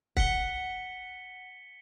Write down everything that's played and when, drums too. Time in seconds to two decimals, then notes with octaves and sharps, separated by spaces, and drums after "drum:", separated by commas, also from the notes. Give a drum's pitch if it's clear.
0.17 F#5 B6 C#7 G7, drum: kick C#1